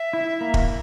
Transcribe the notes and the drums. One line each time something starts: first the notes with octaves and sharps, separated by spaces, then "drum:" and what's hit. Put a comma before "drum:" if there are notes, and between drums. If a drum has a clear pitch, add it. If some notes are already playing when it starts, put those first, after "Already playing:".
Already playing: E5
E4
A#3
drum: kick